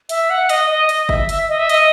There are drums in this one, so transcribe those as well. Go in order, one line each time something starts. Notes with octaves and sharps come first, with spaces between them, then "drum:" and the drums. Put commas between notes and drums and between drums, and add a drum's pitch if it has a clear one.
E5, drum: hi-hat
F#5
D#5, drum: hi-hat
D#5
D#5, drum: hi-hat
E5, drum: kick G1
E5, drum: hi-hat
D#5
E5
D#5, drum: hi-hat